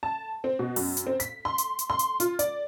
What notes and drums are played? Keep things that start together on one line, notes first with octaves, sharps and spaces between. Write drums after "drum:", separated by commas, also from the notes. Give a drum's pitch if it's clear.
A5
C4
B2
F#2, drum: open hi-hat
drum: hi-hat
C4
B6, drum: hi-hat
C6
drum: hi-hat
drum: hi-hat
C6
drum: hi-hat
F4, drum: hi-hat
D5, drum: hi-hat